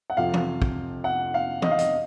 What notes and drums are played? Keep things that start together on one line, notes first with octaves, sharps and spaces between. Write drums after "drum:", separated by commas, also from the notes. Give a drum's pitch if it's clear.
F#5
F2 C3 F3 F5
drum: tom E3
drum: kick
F#5
F5
D#5, drum: tom E3
F5
D#5, drum: hi-hat